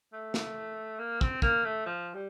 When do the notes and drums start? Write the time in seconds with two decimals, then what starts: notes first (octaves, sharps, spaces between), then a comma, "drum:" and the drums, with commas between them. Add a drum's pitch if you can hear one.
0.13 A3
0.34 drum: snare
0.99 A#3
1.21 C4, drum: kick
1.42 A#3, drum: kick
1.64 A3
1.86 F3
2.14 G3